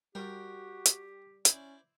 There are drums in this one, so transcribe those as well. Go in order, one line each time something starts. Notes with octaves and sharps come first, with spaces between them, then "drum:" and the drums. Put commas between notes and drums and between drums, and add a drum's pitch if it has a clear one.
G3 F#4 G4 A#4 C5 G5
drum: hi-hat
C#4 E4 C5 D5, drum: hi-hat